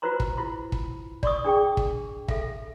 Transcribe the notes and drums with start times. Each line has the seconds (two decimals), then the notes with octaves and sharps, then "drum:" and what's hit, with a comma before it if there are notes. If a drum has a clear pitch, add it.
0.02 F4 F#4 B4 C5 A#5 C6
0.20 drum: kick
0.37 E4 F4 C6
0.72 drum: kick
1.23 D5 C6 C#6 D#6, drum: kick
1.44 D4 G#4 G5 C#6
1.77 drum: kick
2.28 A4 E5 F5, drum: kick